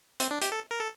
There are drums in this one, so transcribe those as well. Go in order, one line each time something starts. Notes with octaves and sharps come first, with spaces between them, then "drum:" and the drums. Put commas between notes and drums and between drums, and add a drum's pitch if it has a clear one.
C4, drum: hi-hat
D4
G4, drum: hi-hat
A4
A#4
A4